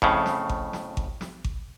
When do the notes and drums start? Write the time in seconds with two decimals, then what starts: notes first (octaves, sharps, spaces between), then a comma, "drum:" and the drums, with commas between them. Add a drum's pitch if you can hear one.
0.02 F2 A2 C#3, drum: kick G#1
0.26 drum: snare
0.49 drum: kick G#1
0.73 drum: snare
0.97 drum: kick G#1
1.21 drum: snare
1.44 drum: kick G#1